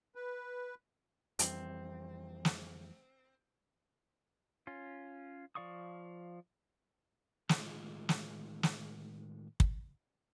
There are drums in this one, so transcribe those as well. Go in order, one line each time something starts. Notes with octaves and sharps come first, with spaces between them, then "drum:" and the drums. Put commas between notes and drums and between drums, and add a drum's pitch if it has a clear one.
B4
F2 E3 G3 C4, drum: hi-hat
drum: snare
C#4 F4
F3 D5 F5 C#6 D#6
A2 D#3 G#3 D#4 F4, drum: snare
drum: snare
drum: snare
drum: kick